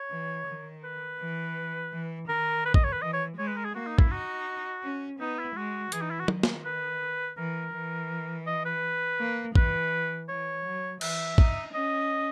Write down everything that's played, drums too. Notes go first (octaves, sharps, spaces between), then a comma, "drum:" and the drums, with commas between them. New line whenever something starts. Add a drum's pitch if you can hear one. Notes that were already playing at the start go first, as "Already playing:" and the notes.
Already playing: C#5
E3
D#3
B4
E3
E3
D#3 A#4
B4
D#5, drum: kick
C#5
B4
E3 D#5
C#5
G#3 C#5
B4
A#4
G#4
A#3 F#4
D#4
E4, drum: kick
D#4 F#4
C#4
B3 D#4
E4
G#3 F#4
E3 G#4, drum: hi-hat
D#4
E4
F#4
D#3, drum: tom
drum: snare
B4
E3 A#4
E3
D#5
B4
A#3
E3 B4, drum: kick
E3 C#5
F#3
E3 E5, drum: cymbal
D#4, drum: kick
C#4 D#5